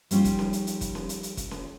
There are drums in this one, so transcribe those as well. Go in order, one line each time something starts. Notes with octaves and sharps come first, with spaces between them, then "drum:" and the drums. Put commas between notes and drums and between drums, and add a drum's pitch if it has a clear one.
F3 G3 C#4 D#4 F4, drum: hi-hat
drum: kick, hi-hat
drum: snare C#4
drum: hi-hat
drum: hi-hat
drum: kick, hi-hat
drum: snare C#4
drum: hi-hat
drum: hi-hat
drum: kick, hi-hat
drum: snare C#4